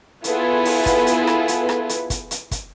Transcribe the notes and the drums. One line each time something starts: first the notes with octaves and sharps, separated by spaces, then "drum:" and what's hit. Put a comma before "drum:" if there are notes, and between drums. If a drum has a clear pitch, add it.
B3 E4 F4 G#4 A4 B4, drum: hi-hat
drum: open hi-hat
drum: kick, hi-hat
drum: hi-hat
drum: rim click
drum: hi-hat
drum: rim click
drum: hi-hat
drum: kick, hi-hat
drum: hi-hat
drum: kick, hi-hat